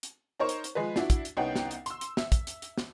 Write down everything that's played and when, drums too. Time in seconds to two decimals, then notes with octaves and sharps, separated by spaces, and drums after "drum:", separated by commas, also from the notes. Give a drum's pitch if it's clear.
0.03 drum: hi-hat
0.39 D#4 A#4 C5 C#5 C#6
0.49 drum: hi-hat
0.64 drum: hi-hat
0.75 F3 G#3 G#4 B4
0.96 D4 E4 F#4, drum: snare
1.10 drum: kick, hi-hat
1.25 drum: hi-hat
1.37 C2 B3 C#4 D#4 F#5 G5
1.56 drum: snare
1.71 drum: hi-hat
1.86 C6 E6, drum: hi-hat
2.01 drum: hi-hat
2.17 E5, drum: snare
2.32 drum: kick, hi-hat
2.47 drum: hi-hat
2.62 drum: hi-hat
2.78 drum: snare